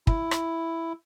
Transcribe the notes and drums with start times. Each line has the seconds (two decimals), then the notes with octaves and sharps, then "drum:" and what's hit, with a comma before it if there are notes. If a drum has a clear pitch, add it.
0.07 E4, drum: kick
0.31 drum: rim click